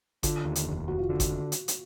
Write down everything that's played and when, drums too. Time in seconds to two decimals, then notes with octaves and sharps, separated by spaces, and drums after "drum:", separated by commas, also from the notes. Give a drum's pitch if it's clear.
0.23 D3 F4, drum: kick G1, hi-hat
0.45 D#2
0.55 drum: hi-hat
0.66 F1
0.87 F1 F#4
0.99 F4
1.09 D3
1.20 drum: kick G1, hi-hat
1.52 drum: hi-hat
1.68 drum: hi-hat